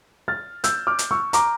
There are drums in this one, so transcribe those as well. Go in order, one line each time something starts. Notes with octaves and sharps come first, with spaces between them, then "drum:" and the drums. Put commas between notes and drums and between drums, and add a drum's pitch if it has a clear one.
F6 A6
E6 G6, drum: hi-hat
D6 F6
drum: hi-hat
C#6 E6
A#5 D6, drum: hi-hat